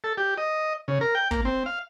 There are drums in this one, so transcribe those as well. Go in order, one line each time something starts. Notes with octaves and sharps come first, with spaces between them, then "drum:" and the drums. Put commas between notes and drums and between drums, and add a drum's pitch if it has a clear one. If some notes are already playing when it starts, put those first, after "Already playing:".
A4
G4
D#5
C#3
A#4
G5
A#3, drum: kick
C4
F5